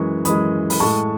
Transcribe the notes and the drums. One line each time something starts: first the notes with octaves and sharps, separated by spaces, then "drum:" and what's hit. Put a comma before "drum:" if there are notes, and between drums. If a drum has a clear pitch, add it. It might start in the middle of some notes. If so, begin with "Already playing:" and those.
Already playing: F#2 E3 G#3 C#6
F#2 E3 G#3 B5 D#6, drum: hi-hat
B5, drum: open hi-hat
A2 G#3 A5 C#6